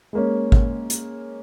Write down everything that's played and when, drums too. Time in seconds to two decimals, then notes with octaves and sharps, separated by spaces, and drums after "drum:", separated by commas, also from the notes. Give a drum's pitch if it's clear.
0.13 G#3 A#3 C#4
0.52 drum: kick G#1
0.90 drum: hi-hat